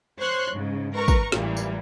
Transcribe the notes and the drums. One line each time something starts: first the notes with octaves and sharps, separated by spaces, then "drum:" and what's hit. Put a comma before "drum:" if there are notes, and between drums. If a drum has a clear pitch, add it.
C5 C#5 C6 C#6 F#6
G#2 C#3
A#4 B4 A#5 C#6
drum: kick, tambourine
A1 A#2 E3 G3, drum: snare
drum: tambourine